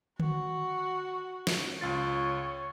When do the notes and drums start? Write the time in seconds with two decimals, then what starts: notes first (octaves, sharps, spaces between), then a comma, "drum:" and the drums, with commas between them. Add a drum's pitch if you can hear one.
0.20 F#4, drum: tom D3
1.47 drum: snare
1.81 C#2 F4 C#5 A6